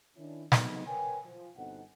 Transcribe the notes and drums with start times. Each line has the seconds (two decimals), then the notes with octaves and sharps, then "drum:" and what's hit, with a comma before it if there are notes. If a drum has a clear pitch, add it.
0.17 D#3 C#4 D4 E4
0.52 F#3 G#3 A3 B3 C4 D#4, drum: snare
0.87 A#4 B4 C#5 G5 G#5
1.26 F3
1.57 G1 B2 C4 D#4 A4 F#5